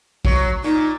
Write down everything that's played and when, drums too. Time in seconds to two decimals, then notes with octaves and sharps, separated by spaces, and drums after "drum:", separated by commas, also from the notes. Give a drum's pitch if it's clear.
0.25 F#3, drum: kick
0.64 A#2 D#4